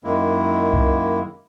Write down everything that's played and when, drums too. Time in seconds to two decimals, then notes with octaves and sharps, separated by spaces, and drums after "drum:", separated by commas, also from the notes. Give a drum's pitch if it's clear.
0.04 F#2 D#3 G#3 A#3 E4
0.73 drum: kick C2